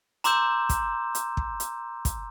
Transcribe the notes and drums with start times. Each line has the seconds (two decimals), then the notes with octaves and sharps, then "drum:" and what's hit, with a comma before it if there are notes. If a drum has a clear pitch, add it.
0.24 A#5 C6 D6 E6 G6 E7, drum: hi-hat
0.69 drum: kick, hi-hat
1.15 drum: hi-hat
1.37 drum: kick
1.60 drum: hi-hat
2.05 drum: kick, hi-hat